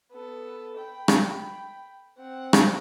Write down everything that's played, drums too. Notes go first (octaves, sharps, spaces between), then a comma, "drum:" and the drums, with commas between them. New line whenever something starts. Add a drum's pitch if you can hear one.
B3 A4
G5 B5
drum: rim click
C4 F#5
drum: rim click